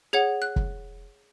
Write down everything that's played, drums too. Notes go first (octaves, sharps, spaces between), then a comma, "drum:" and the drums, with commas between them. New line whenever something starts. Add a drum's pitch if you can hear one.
G#4 C#5 F#5 G#6
F#6
drum: kick